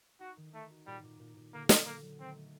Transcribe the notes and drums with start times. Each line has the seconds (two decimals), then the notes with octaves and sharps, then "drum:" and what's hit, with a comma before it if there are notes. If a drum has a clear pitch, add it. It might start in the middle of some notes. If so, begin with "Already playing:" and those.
0.20 D#4 F#4
0.37 D#3
0.53 A3 D#4
0.71 F#4
0.87 A#2 G3
1.03 A#2
1.20 A#2
1.37 A#2
1.53 D3 A#3
1.69 D3, drum: snare
1.86 F#3 A#3
2.03 F#3
2.19 D#3 C4
2.36 A3